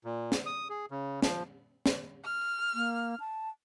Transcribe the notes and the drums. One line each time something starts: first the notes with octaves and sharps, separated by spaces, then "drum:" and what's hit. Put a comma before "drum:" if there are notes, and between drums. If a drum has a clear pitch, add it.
A#2
drum: snare
D#6
G#4
C#3
F3, drum: snare
drum: snare
F6
A#3
A5